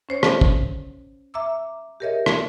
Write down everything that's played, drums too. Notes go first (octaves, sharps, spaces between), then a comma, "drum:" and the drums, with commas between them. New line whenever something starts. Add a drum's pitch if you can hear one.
C#4 C5 C#5
drum: rim click
drum: kick
E5 A#5 D6 E6
G4 G#4 A#4 C#5 D#5 E5
drum: rim click